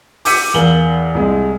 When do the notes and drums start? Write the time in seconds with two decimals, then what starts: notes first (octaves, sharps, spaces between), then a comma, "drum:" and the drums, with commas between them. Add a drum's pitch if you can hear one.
0.25 D6 E6 G6 B6 C#7 D#7, drum: open hi-hat
0.54 E2 A#4 F5 F#7 G7
1.15 C2 G#3